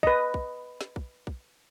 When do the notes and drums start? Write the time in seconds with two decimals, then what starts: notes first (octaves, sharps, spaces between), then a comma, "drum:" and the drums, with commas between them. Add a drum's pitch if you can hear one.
0.03 B4 D#5, drum: kick
0.34 drum: kick
0.81 drum: snare
0.96 drum: kick
1.27 drum: kick